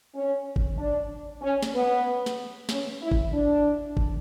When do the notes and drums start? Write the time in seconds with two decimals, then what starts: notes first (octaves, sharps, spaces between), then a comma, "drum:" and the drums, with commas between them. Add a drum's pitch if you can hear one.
0.14 C#4
0.56 drum: kick G1
0.77 D4
1.41 C#4
1.62 drum: snare
1.73 B3
2.26 drum: snare
2.69 C#4, drum: snare
3.01 E4
3.12 drum: kick G1
3.33 D4
3.97 drum: kick G1